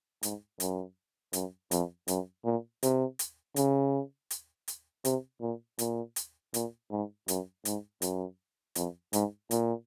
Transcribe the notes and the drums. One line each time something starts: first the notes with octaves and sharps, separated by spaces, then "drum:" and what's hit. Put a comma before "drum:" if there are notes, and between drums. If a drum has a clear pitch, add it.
G#2, drum: hi-hat
F#2, drum: hi-hat
F#2, drum: hi-hat
F2, drum: hi-hat
F#2, drum: hi-hat
A#2
C3, drum: hi-hat
drum: hi-hat
C#3, drum: hi-hat
drum: hi-hat
drum: hi-hat
C3, drum: hi-hat
A#2
A#2, drum: hi-hat
drum: hi-hat
A#2, drum: hi-hat
G#2
F#2, drum: hi-hat
G#2, drum: hi-hat
F#2, drum: hi-hat
F2, drum: hi-hat
G#2, drum: hi-hat
A#2, drum: hi-hat